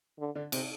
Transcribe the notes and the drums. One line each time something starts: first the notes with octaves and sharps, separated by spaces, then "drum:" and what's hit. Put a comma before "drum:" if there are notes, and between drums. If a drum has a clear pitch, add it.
D3
D3 D4
C3 C4, drum: cymbal